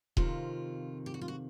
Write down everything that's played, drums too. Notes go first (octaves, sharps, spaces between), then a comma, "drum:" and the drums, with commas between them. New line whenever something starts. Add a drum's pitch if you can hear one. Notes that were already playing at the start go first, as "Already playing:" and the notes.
F2 C3 D#3 F4, drum: kick D#1
G4
F#4
F4
F#4